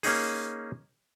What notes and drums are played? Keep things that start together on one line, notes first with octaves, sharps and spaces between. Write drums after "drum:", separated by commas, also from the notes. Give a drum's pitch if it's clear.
A#3 C#4 D#4 G#4, drum: open hi-hat